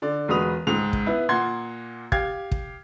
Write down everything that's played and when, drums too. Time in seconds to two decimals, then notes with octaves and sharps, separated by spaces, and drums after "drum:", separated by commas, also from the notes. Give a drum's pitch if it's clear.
0.02 D3 D5
0.28 E1 G#3 F#4 B4 D#6 F7
0.67 C#2 G#2 F7
0.93 drum: kick
1.06 B3 E4 B4
1.29 A#2 A#3 F#5 C6 G#6
2.12 G4 F5 G#6, drum: kick
2.52 drum: kick